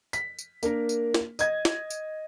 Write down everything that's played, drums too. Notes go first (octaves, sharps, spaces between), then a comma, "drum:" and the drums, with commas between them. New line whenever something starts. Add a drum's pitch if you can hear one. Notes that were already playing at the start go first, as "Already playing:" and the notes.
B6, drum: tambourine
drum: tambourine
A#3 D4 A#4, drum: tambourine
drum: tambourine
drum: snare
D#5 G#6, drum: tambourine
drum: snare
drum: tambourine